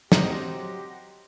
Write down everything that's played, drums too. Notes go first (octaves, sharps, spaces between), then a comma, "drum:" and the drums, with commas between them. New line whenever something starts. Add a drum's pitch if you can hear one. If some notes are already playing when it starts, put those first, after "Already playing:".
F#3 C4 D#4 G4 F#5 C6 A#6, drum: snare